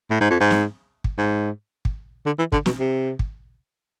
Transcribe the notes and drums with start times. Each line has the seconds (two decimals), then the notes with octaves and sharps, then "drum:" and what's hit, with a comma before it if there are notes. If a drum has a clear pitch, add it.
0.10 A2
0.21 G#2
0.30 F2
0.40 G#2
0.51 drum: snare
1.04 drum: kick
1.18 G#2
1.85 drum: kick
2.26 D3
2.39 E3
2.52 D3, drum: kick
2.66 B2, drum: snare
2.79 C3
3.19 drum: kick